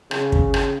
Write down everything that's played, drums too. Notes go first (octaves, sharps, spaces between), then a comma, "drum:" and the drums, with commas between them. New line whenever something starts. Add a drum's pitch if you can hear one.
C#3, drum: rim click
drum: kick
drum: rim click